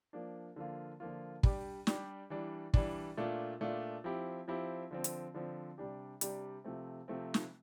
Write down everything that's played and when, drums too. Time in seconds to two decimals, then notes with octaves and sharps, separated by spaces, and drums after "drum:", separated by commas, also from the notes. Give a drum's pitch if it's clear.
0.13 F3 A#3 D4
0.56 D3 F3 A#3 F4
1.00 D3 F3 A#3 F4
1.43 G3 D4 G4, drum: kick
1.87 G3 D4 G4, drum: snare
2.30 E3 G3 D4
2.74 E3 G3 D4, drum: kick
3.17 A#2 A3 D4 F4
3.61 A#2 A3 D4 F4
4.04 F3 C4 E4 G4
4.48 F3 C4 E4 G4
4.91 D3 F3 C4
5.04 drum: hi-hat
5.34 D3 F3 C4
5.78 C3 G3 D4 G4
6.21 C3 G3 D4 G4, drum: hi-hat
6.64 C3 F3 A3 C4
7.08 C3 F3 A3 C4
7.34 drum: snare